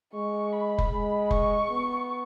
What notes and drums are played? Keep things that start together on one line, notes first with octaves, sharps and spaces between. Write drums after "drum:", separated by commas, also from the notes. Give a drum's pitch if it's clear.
G#3 C#6
B5
drum: kick F1
G#3
C#6, drum: kick F1
B3